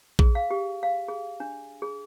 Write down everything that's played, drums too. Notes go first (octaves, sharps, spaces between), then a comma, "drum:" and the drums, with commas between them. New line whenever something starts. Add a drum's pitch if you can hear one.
G#4, drum: kick A#1
F5
G4
F5
G#4
D4
G#4